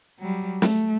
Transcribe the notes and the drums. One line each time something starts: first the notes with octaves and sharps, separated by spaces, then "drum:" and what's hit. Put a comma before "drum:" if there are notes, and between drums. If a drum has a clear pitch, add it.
F#3 G3
A3, drum: snare